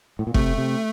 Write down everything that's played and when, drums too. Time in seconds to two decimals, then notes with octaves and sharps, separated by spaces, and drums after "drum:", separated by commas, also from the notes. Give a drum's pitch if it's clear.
0.19 A2
0.27 A#2
0.34 C3 A3, drum: kick
0.58 C3